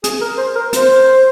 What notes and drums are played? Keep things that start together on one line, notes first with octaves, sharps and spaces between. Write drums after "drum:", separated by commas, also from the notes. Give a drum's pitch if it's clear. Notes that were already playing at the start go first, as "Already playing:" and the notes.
G#4, drum: hi-hat
A#4
C5
A#4
C5, drum: hi-hat